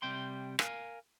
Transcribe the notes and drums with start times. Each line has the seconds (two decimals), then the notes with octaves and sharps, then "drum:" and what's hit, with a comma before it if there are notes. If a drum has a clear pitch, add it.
0.02 C3 G3 G5 C6
0.59 A#4 F5 G#5, drum: rim click